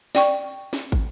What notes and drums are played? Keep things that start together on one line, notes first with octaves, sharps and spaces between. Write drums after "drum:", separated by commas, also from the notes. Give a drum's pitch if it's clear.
D5 G5 C#6, drum: snare
drum: snare
drum: kick